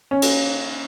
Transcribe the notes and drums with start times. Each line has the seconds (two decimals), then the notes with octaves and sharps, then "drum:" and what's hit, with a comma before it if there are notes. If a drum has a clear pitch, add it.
0.11 C#4
0.22 drum: cymbal